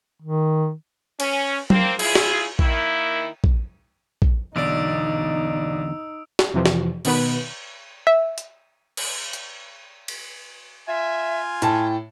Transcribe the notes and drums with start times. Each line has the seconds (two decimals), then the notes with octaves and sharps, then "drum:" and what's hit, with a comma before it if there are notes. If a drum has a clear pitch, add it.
0.22 D#3
1.20 C#4, drum: cymbal
1.70 A#3 C4, drum: tom F#3
1.99 E4 F4 G#4, drum: cymbal
2.15 drum: snare
2.59 D#3 A#3 E4, drum: kick
3.44 drum: kick
4.22 drum: kick
4.56 B1 E2 D3 D#4 D5 D#6 E6 D7
6.39 drum: snare
6.53 F2 C3 E3 F3
6.66 drum: snare
7.05 B2 D#3 B3 B4, drum: cymbal
8.07 E5
8.38 drum: hi-hat
8.97 drum: cymbal
9.33 drum: hi-hat
10.08 drum: cymbal
10.87 F4 E5 G#5
11.62 A2 G5 A5, drum: hi-hat